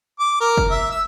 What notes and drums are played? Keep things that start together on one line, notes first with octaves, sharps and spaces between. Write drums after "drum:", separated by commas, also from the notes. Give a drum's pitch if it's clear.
D6
A#4
drum: kick
E5
E6